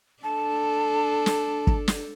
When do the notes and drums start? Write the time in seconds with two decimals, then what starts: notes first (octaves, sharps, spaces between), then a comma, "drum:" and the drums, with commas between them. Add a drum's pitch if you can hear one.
0.24 D4 A4 A5
1.26 drum: snare
1.67 drum: kick
1.88 drum: snare